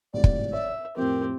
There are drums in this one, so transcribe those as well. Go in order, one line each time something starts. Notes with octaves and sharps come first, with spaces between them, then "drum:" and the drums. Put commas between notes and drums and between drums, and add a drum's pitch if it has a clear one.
G#1 A2 G3 D5
drum: kick
C#5 E5
F2 A2 C4 G4 A#4